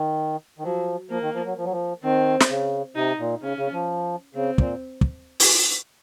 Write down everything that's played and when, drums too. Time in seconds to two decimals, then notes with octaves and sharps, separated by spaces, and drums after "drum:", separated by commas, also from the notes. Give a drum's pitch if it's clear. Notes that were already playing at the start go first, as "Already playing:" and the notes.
Already playing: D#3
0.59 D#3
0.64 F3 F#3
1.10 F3 A#3
1.22 D#3
1.34 F3
1.46 F#3
1.57 F3
1.65 F#3
1.71 F3
2.03 D#3 C4
2.41 drum: snare
2.50 C#3
2.95 C3 D#4
3.19 A#2
3.42 C#3 C#4
3.58 C#3
3.73 F3
4.35 C#3 C4
4.58 A#2, drum: kick
5.01 drum: kick
5.40 drum: open hi-hat